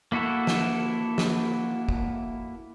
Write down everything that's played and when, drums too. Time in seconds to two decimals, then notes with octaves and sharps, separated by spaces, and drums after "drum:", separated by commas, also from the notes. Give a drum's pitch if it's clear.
0.12 A#3 E4 F#4 A4
0.47 drum: snare
1.18 drum: snare
1.89 drum: kick